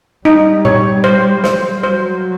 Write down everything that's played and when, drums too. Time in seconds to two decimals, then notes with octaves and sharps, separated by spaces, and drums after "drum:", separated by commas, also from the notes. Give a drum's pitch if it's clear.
0.25 G3 D#4
0.65 C#5, drum: tom A#2
1.04 C5
1.44 C5, drum: snare
1.83 F#3 C5